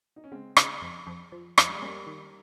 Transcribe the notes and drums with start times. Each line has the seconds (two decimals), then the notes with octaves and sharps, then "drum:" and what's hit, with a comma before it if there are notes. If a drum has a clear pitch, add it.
0.16 D#4
0.24 C#4
0.32 C#3 G#3 C4
0.57 C#3, drum: rim click
0.82 F2
1.07 F2
1.32 F3
1.58 F2, drum: rim click
1.68 G3
1.75 G#3
1.82 G3 A#3 C#4
2.07 D#3